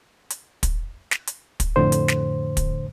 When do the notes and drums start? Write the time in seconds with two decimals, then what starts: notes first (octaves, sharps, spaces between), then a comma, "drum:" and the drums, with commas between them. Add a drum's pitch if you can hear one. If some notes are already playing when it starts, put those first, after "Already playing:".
0.30 drum: hi-hat
0.63 drum: kick, hi-hat
1.11 drum: snare
1.27 drum: hi-hat
1.60 drum: kick, hi-hat
1.76 F2 A2 D3 C5
1.92 drum: hi-hat
2.08 drum: snare
2.57 drum: kick, hi-hat